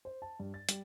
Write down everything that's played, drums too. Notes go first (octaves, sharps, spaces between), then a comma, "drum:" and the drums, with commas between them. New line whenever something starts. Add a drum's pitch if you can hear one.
C5
A5
G2
A6
G3, drum: hi-hat